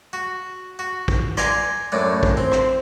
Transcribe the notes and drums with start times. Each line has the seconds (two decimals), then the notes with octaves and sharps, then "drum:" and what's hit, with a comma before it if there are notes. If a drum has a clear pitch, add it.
0.13 F#4
0.79 F#4
1.08 drum: kick
1.37 D5 F#5 G#5 A#5 C6, drum: rim click
1.92 F#2 A2 D4
2.23 drum: kick
2.37 C4
2.52 drum: rim click